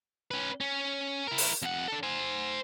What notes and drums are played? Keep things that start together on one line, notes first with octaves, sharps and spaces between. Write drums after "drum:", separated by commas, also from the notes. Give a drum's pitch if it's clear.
C#4 B4
C#4
E4 A#4
drum: open hi-hat
F2 F#5
D4 A4
C5 G#5